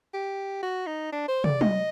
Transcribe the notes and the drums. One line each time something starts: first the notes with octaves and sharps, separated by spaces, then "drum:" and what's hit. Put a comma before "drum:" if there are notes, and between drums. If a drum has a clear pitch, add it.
G4
F#4
D#4
D4
C5
D5, drum: tom
D#5, drum: tom F#3